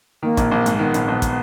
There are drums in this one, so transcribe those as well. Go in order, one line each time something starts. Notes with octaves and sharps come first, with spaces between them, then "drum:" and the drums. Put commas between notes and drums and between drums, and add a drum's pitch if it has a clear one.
D#3 A#3
A#1, drum: kick, hi-hat
A#1
G#2, drum: hi-hat
D#3 B3
A#1, drum: hi-hat
A#1
drum: kick, hi-hat